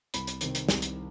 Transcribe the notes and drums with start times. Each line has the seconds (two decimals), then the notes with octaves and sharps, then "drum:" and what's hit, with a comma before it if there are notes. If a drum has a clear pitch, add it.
0.14 C2 B5, drum: hi-hat
0.27 drum: hi-hat
0.41 C3 D#3, drum: hi-hat
0.55 drum: hi-hat
0.69 C2, drum: snare
0.82 drum: hi-hat